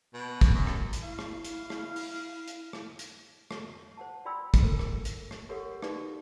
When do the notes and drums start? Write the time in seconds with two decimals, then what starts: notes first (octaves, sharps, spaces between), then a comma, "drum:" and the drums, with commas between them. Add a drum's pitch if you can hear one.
0.14 B2
0.41 drum: kick, hi-hat
0.53 F#2
0.67 drum: rim click
0.93 drum: hi-hat
1.03 E4 F5
1.19 drum: rim click
1.44 drum: hi-hat
1.70 drum: rim click
1.96 drum: open hi-hat
2.48 drum: hi-hat
2.73 drum: rim click
2.99 drum: hi-hat
3.51 drum: rim click
3.97 C5 F#5 A5
4.25 F#4 D5 G5 B5 C6 E6
4.54 drum: kick, hi-hat
4.63 A4 A#4 C5
4.79 drum: rim click
5.05 drum: hi-hat
5.31 drum: rim click
5.49 F#4 G4 A4 A#4 C#5 F#5
5.82 D#4 F#4 G4 B4 D5 F5, drum: rim click